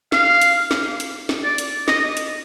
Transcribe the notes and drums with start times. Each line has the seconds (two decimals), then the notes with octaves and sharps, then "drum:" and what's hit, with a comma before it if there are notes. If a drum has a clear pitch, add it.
0.12 F5, drum: snare
0.42 drum: hi-hat
0.71 drum: snare
1.00 drum: hi-hat
1.29 drum: snare
1.44 D5
1.58 drum: hi-hat
1.88 D#5, drum: snare
2.17 drum: hi-hat